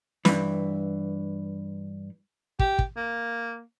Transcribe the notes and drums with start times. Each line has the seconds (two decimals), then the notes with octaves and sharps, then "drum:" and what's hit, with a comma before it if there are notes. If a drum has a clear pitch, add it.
0.25 G2 E3, drum: snare
2.59 G4, drum: kick
2.79 drum: kick
2.96 A#3